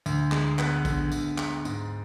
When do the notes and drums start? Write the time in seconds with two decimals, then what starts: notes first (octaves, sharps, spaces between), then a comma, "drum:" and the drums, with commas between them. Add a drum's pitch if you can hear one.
0.06 D2, drum: tambourine
0.32 G#3, drum: clap
0.59 B3, drum: clap
0.85 D3, drum: kick A1, tambourine
1.12 D2, drum: tambourine
1.38 G#3, drum: clap
1.65 G#2, drum: tambourine